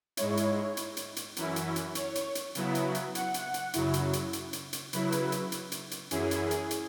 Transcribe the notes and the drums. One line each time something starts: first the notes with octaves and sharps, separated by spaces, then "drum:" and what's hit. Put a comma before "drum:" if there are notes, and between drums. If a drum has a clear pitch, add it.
G#2 G#3 E4 C#5, drum: hi-hat
drum: hi-hat
drum: hi-hat
drum: hi-hat
drum: hi-hat
F#2 E3 C#4 E4, drum: hi-hat
drum: hi-hat
drum: hi-hat
C#5, drum: hi-hat
drum: hi-hat
drum: hi-hat
C#3 F#3 B3 E4, drum: hi-hat
drum: hi-hat
drum: hi-hat
F#5, drum: hi-hat
drum: hi-hat
drum: hi-hat
F#2 C#3 F#3 E4, drum: hi-hat
drum: hi-hat
drum: hi-hat
drum: hi-hat
drum: hi-hat
drum: hi-hat
C#3 F#3 E4 B4, drum: hi-hat
drum: hi-hat
drum: hi-hat
drum: hi-hat
drum: hi-hat
drum: hi-hat
F#2 E3 C#4 E4 G#4, drum: hi-hat
drum: hi-hat
drum: hi-hat
drum: hi-hat